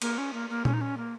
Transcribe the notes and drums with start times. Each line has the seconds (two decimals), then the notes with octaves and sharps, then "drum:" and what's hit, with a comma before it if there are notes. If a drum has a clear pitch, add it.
0.02 A#3, drum: cymbal
0.18 C#4
0.33 A#3
0.50 A#3
0.65 C#4, drum: tom A#2
0.74 D#4
0.81 C#4
0.97 A#3